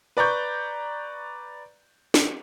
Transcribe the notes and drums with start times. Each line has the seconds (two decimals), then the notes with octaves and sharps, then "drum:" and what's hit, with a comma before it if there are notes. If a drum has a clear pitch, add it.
0.17 B4 D5 A#5 C#6 G6
2.14 drum: snare